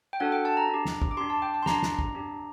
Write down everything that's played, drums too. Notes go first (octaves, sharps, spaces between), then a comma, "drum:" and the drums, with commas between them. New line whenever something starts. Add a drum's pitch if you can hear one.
G5
D4 F#4 A4 F#5
G5
A5
A#5
D4 G4
drum: snare
drum: kick
D6
D4 G4 C6
A5
G5
A5
C6
D4 G4 A#5, drum: snare
drum: snare
drum: kick
D4 G4